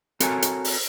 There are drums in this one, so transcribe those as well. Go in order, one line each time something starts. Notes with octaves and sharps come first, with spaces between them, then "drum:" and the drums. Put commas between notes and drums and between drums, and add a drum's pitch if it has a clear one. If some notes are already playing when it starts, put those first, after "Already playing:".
C4 F#4 A4 A#4 C#5 G#5, drum: hi-hat
drum: hi-hat
drum: open hi-hat